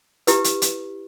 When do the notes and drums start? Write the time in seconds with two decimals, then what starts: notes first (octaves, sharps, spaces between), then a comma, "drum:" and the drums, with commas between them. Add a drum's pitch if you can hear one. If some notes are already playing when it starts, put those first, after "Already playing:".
0.27 E4 G4 B4, drum: hi-hat
0.44 drum: hi-hat
0.62 drum: hi-hat